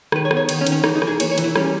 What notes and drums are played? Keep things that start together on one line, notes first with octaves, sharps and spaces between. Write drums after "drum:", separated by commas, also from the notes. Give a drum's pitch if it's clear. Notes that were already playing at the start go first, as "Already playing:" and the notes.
D#3 B4, drum: rim click
C#5
B3, drum: rim click
C#5
D#3, drum: cymbal
C#4
D#3, drum: cymbal
C#4
E3 D#4, drum: rim click
D#4
E3, drum: rim click
G#4
A#3 C#5, drum: cymbal
C#5
E3, drum: cymbal
E4
G3 C#4, drum: rim click